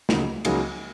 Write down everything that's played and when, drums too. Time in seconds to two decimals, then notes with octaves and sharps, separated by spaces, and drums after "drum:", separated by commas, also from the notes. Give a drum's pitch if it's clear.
0.09 C#2 C#3 F#3 A#3 D#4, drum: snare
0.45 C#2 C#3 F#3 A#3 D#4 G#5, drum: cymbal